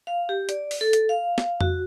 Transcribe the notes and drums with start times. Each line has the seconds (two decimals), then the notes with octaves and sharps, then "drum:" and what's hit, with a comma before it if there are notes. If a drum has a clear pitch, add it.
0.07 F5
0.29 G4
0.49 D5, drum: hi-hat
0.71 drum: open hi-hat
0.81 A4
0.93 drum: hi-hat
1.09 F5
1.38 drum: snare
1.61 F#4, drum: tom F2